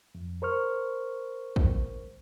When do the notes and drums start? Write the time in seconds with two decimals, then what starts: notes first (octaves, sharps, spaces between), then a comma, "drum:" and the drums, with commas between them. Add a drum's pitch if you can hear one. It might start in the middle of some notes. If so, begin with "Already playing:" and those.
0.15 F2
0.42 A#4 C5 C#6 F6
1.56 drum: kick